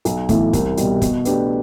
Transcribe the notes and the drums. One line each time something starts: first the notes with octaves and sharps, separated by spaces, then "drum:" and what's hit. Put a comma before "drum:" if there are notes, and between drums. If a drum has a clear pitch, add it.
B1, drum: hi-hat
A2 E3 B3, drum: kick, hi-hat
C2, drum: kick, hi-hat
B2 G3, drum: hi-hat
B2, drum: kick, hi-hat
A3 D4 G4 B4, drum: hi-hat